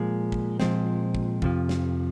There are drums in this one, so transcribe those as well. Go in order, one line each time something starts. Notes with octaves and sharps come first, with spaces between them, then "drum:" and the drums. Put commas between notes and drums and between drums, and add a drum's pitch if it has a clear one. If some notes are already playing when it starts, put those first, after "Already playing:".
Already playing: A#2 F3 G#3
drum: kick
A#2 F3 G#3 C4, drum: snare
drum: kick
F2 C3 F3, drum: kick
drum: snare